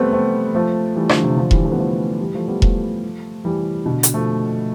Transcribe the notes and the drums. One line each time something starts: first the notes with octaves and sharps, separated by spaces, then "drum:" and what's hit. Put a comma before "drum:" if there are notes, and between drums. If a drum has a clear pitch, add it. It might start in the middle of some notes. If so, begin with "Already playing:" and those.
Already playing: G3 A3 B3 C4
A3 C4
F3 A3
E3 G3
D3 F3, drum: rim click
C3 E3
D3 F3
E3 G3, drum: kick E1
F3 A3
B3
F3 A3
E3 G3
F3 A3
G3 B3
F3 A3, drum: kick E1
E3 G3
B2 D3
drum: hi-hat
F3 A3